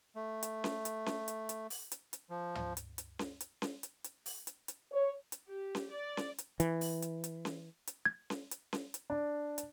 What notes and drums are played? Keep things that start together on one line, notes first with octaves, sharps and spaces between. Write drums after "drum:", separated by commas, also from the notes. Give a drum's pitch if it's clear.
A3
drum: hi-hat
drum: snare C#4
drum: hi-hat
drum: snare C#4
drum: hi-hat
drum: hi-hat
drum: open hi-hat
drum: hi-hat
drum: hi-hat
F3
drum: tom
drum: hi-hat
drum: hi-hat
drum: snare C#4
drum: hi-hat
drum: snare C#4
drum: hi-hat
drum: hi-hat
drum: open hi-hat
drum: hi-hat
drum: hi-hat
C#5
drum: hi-hat
G4
drum: snare C#4
D5
drum: snare C#4
drum: hi-hat
E3, drum: hi-hat
drum: open hi-hat
drum: hi-hat
drum: hi-hat
drum: snare C#4
drum: hi-hat
G#6
drum: snare C#4
drum: hi-hat
drum: snare C#4
drum: hi-hat
D4
drum: hi-hat